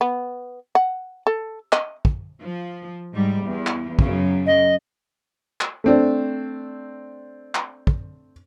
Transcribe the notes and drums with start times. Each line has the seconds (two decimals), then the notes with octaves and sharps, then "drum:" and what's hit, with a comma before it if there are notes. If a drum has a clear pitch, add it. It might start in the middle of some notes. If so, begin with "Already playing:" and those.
0.01 B3
0.75 F#5
1.27 A4
1.72 D#5, drum: clap
2.05 drum: kick
2.41 F3
3.14 G#2 G3
3.45 E2
3.67 drum: clap
3.99 F#2 C#3, drum: kick
4.46 D#5
5.61 drum: clap
5.84 A3 C4 D4
7.55 drum: clap
7.87 drum: kick